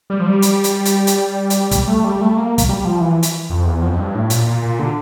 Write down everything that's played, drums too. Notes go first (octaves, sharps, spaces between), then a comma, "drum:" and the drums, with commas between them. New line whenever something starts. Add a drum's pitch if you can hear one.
G3
F3
G3
drum: hi-hat
drum: hi-hat
drum: hi-hat
drum: hi-hat
drum: hi-hat
G3, drum: kick, hi-hat
A3
G3
A3
A#3
drum: kick, hi-hat
G3
F3
E3
drum: hi-hat
F2
E2
F2
F2
G2
A2
A#2, drum: hi-hat
A#2
A#2
D3